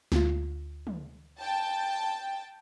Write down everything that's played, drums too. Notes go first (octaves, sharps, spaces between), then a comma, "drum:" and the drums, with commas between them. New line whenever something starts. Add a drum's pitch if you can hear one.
D2 F4, drum: snare
drum: tom
G5 A5